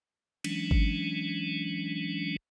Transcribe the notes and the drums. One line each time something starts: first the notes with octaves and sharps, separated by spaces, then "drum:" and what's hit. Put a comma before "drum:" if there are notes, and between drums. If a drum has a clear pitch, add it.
E3 F#3 G#3 C#4 D4, drum: cymbal
drum: kick G#1